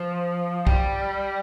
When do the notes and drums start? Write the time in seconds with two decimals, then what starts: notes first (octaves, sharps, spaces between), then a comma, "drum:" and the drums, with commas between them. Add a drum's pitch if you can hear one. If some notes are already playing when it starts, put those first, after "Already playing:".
Already playing: F3
0.67 G3, drum: kick B1